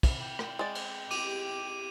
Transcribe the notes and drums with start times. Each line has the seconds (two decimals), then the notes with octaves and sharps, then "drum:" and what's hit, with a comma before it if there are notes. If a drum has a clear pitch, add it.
0.03 drum: kick, cymbal
0.21 G5
0.39 drum: rim click
0.59 G#3 D5
0.75 drum: cymbal
1.11 G4 D6 D#7, drum: cymbal